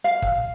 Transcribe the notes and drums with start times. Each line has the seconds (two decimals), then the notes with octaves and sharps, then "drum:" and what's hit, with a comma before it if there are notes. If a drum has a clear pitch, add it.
0.04 F5
0.22 drum: kick